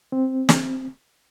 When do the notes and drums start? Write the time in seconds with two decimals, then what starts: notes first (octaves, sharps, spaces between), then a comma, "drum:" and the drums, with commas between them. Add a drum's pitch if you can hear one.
0.12 C4
0.49 drum: snare